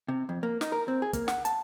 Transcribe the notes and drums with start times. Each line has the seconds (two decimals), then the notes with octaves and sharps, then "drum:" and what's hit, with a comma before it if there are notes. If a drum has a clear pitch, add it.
0.08 C3
0.29 F2
0.43 A#3
0.61 D#4, drum: snare
0.72 A#4
0.88 C4
1.02 G#4
1.13 A#3, drum: kick, hi-hat
1.28 F#5, drum: snare
1.45 A5, drum: hi-hat